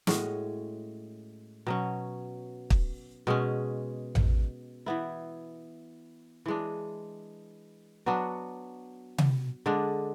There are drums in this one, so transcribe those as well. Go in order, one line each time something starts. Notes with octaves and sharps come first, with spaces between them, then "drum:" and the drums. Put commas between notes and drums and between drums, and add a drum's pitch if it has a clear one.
A2 G#3 C#4 F#4, drum: snare
B2 F#3 C#4
drum: kick
B2 G#3 C#4
drum: tom A1
E3 B3 E4
E3 G#3 D4
F#3 B3 D4 F#4
drum: tom C3
D3 G#3 D4